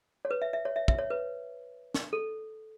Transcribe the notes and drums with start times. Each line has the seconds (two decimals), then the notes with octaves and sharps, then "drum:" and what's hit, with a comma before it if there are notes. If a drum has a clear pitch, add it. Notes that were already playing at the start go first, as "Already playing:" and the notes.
0.25 C#5
0.31 B4
0.42 E5
0.53 E5
0.65 C#5
0.76 E5
0.88 E5, drum: kick
0.98 C#5
1.10 B4
1.94 drum: snare
2.13 A4